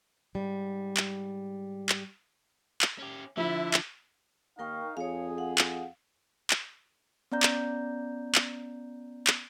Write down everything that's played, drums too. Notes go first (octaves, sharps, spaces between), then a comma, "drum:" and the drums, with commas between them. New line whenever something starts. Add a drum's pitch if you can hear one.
G#2 G3
drum: clap
drum: clap
drum: clap
C#4 G4
D3 F3 E4 E5
drum: clap
D#2 D#4 A#4 F5 G5 C#6
F2 G#4 C#5 F5
F5 F#5
drum: clap
drum: clap
B3 C#4 D5 A#5 G6
drum: clap
drum: clap
drum: clap